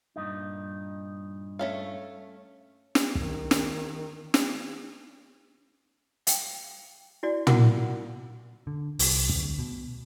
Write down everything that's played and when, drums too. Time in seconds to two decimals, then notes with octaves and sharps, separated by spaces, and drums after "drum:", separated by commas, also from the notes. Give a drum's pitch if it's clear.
0.16 G2 A#2 D#4
1.59 A3 C#4 F5
2.95 drum: snare
3.15 D#3, drum: kick
3.51 drum: snare
4.34 drum: snare
6.27 F5 G5, drum: hi-hat
7.23 E4 F#4 D5 G#5
7.47 E4 F#4 A#4 F5 F#5, drum: tom
8.67 D3
8.99 C2, drum: open hi-hat
9.29 D2, drum: kick
9.59 B2